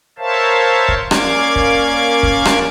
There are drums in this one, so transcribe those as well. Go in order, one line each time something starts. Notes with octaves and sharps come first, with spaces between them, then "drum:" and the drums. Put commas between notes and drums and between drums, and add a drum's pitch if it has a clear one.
A#4 C5 C#5 E5 F5 A5
drum: kick
A#3 C#4 D5 F5 D6 G#6, drum: rim click
drum: kick
drum: kick
drum: rim click